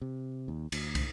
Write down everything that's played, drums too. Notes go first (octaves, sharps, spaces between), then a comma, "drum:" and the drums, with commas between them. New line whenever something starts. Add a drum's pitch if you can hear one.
C3
D#2
D2, drum: cymbal
drum: kick, cymbal